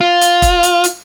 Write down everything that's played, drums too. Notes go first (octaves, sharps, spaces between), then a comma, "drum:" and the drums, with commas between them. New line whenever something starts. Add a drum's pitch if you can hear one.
F4
drum: hi-hat
drum: kick, hi-hat
drum: hi-hat
drum: hi-hat